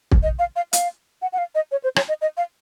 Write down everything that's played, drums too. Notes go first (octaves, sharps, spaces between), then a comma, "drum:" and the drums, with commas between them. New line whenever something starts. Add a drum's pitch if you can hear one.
drum: kick
D#5
F5
F5
F5, drum: hi-hat
F#5
F#5
F5
D#5
C#5
C5
C#5, drum: rim click
D#5
D#5
F5